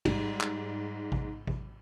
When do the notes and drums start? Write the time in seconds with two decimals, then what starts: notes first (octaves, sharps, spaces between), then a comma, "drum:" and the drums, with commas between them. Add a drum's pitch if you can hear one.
0.05 G#2 G3, drum: kick A1, cymbal
0.41 drum: clap
1.12 drum: kick A1
1.47 drum: kick A1